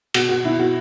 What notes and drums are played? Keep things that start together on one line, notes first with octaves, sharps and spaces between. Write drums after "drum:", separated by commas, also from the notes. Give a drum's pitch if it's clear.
B2 F#4, drum: cymbal
B2 F#4
B2 E4
B2 F#4